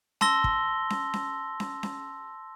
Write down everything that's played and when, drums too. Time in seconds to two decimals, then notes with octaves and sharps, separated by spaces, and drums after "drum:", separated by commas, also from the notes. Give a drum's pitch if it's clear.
0.21 A5 C6 E6 A#6 G7, drum: snare C#4
0.44 drum: kick
0.90 drum: snare C#4
1.14 drum: snare C#4
1.60 drum: snare C#4
1.83 drum: snare C#4